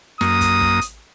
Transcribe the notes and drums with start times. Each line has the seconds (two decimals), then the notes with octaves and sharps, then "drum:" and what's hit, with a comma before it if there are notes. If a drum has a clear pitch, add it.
0.21 F#2 A#3 D#6, drum: snare
0.41 drum: kick, hi-hat
0.61 drum: kick
0.81 drum: hi-hat